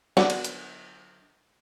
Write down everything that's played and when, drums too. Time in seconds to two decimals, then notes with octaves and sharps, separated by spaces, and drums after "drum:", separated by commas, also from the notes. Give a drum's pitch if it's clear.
0.17 D3 F#3 B3, drum: snare
0.30 drum: cymbal
0.44 drum: hi-hat